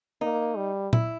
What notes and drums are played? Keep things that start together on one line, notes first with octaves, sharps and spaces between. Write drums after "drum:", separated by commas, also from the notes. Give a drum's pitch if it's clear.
A#3 D#4
G3
E4, drum: tom A#2